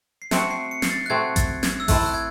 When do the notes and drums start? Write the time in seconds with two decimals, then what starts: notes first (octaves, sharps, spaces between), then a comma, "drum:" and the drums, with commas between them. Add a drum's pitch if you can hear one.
0.22 C7
0.31 A3 C4 F#4 C#7, drum: snare
0.51 C7
0.71 C#7
0.82 C7, drum: snare
0.90 A6
1.06 F#6
1.10 A3 C4 F#4 G#6
1.36 A6, drum: kick A1, hi-hat
1.63 G#6, drum: snare
1.80 E6
1.88 A3 C4 E4 A4 F#6, drum: kick A1, open hi-hat
2.06 F#6
2.14 G#6